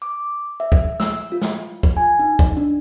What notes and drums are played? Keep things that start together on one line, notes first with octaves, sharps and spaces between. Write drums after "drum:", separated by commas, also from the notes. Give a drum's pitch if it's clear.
D6
E5
drum: kick
E6, drum: snare
F4
drum: snare
drum: kick
G#5
D#4
drum: kick
D4